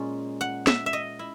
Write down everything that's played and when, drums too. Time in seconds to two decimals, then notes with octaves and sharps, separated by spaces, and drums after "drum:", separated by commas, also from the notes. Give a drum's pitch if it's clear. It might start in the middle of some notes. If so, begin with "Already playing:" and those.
Already playing: A#2 G#3 C#4
0.41 F#5
0.67 E5, drum: snare
0.86 E5
0.93 D#5
1.19 E4